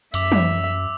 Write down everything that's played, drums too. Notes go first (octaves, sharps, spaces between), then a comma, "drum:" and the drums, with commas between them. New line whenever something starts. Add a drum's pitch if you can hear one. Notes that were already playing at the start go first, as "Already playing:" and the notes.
F#2 E5 D6 E6, drum: hi-hat
drum: tom